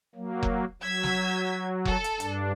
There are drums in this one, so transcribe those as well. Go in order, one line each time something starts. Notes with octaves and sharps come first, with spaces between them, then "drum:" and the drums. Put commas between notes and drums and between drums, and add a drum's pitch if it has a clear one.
F#3 A#3
drum: kick F1
F#3 E6 G#6 B6
drum: snare
A4, drum: kick F1
drum: hi-hat
G2 D4, drum: hi-hat